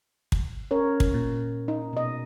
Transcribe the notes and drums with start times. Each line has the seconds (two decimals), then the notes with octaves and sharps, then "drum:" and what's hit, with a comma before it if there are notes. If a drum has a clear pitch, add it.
0.32 drum: kick
0.71 C#4 A#4 C#5
1.00 drum: kick
1.14 A#2
1.68 D#4
1.93 B2 D#5